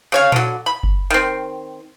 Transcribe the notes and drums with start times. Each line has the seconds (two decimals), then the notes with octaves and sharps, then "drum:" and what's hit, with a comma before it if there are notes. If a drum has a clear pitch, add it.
0.12 C#3 C#5 F5
0.32 D3 F#3, drum: tom A#2
0.66 B5
0.83 drum: kick F#1
1.10 D#3 C4